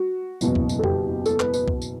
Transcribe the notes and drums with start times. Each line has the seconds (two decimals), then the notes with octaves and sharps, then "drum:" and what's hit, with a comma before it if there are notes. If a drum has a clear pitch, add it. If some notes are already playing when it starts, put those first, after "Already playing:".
Already playing: F#4
0.41 F#1 E2 B2, drum: tambourine
0.55 drum: kick C2
0.69 drum: tambourine
0.79 A4
0.84 G4, drum: tom F2
1.26 A4, drum: tambourine
1.40 B4, drum: clap
1.54 B4, drum: tambourine
1.68 drum: kick C2
1.82 drum: tambourine